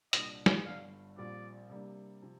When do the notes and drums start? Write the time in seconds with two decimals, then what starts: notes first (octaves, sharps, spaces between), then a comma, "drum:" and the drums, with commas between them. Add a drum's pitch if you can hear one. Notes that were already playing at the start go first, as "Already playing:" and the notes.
0.13 C2 A#2 G3 D4 D#5, drum: hi-hat
0.46 drum: snare
0.65 G1 G2 D3 F5
1.17 A#1 A#2 G3 C4 F4 D5
1.70 C3 G3 A#3 D4
2.23 C3 F3